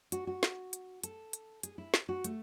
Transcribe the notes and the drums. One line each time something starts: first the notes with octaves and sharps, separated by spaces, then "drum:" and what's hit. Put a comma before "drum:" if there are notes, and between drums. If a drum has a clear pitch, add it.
F#4, drum: hi-hat
F#4
drum: snare
drum: hi-hat
A4, drum: hi-hat
drum: hi-hat
G#4, drum: hi-hat
E4
drum: snare
F#4
A3, drum: hi-hat